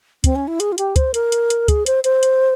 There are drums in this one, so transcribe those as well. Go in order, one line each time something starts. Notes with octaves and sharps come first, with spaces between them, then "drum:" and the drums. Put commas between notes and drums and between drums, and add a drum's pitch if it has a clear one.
C4, drum: kick, hi-hat
C#4
E4
G#4, drum: hi-hat
F4
G4, drum: hi-hat
C5, drum: kick, hi-hat
A#4, drum: hi-hat
drum: hi-hat
drum: hi-hat
G#4, drum: kick, hi-hat
C5, drum: hi-hat
C5, drum: hi-hat
drum: hi-hat